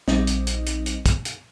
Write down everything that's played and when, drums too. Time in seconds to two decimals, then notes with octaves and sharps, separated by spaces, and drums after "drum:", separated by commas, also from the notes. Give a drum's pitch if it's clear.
0.08 A#1 G3 C4 D#4 D#5, drum: snare
0.27 drum: hi-hat
0.47 drum: hi-hat
0.66 drum: hi-hat
0.86 drum: hi-hat
1.06 drum: kick, hi-hat
1.25 drum: hi-hat